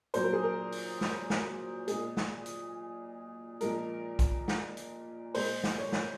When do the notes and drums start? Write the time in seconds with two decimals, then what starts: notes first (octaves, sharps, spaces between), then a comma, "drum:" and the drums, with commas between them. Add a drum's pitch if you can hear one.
0.14 A#2 F#3 C5, drum: hi-hat
0.23 A#4
0.33 G#4
0.43 A#4
0.72 drum: open hi-hat
1.01 drum: snare
1.30 drum: snare
1.88 A#2 G#3 G#4, drum: hi-hat
2.17 drum: snare
2.46 drum: hi-hat
3.61 A#2 F3 G#3 A#4, drum: hi-hat
4.19 drum: kick, hi-hat
4.48 drum: snare
4.77 drum: hi-hat
5.34 A#2 G#3 C5, drum: open hi-hat
5.64 drum: snare
5.78 C#5
5.92 drum: snare